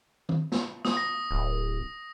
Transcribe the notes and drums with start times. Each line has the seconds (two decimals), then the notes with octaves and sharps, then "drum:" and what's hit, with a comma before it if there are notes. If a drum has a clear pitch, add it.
0.29 drum: tom D#3
0.52 drum: snare
0.85 D#6, drum: snare
0.97 A#6
1.31 D1